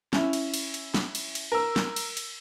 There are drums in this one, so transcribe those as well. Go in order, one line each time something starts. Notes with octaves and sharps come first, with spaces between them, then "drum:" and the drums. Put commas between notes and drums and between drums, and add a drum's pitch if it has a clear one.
C#4 E4, drum: snare
drum: cymbal
drum: cymbal
drum: cymbal
drum: snare
drum: cymbal
drum: cymbal
A#4 E6
drum: snare
drum: cymbal
drum: cymbal